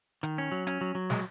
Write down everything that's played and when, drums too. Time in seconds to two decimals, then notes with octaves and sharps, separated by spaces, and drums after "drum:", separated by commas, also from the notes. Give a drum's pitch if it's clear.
0.23 D#3, drum: hi-hat
0.38 C#4
0.52 F#3
0.67 C#4, drum: hi-hat
0.81 F#3
0.95 F#3
1.10 G#3, drum: snare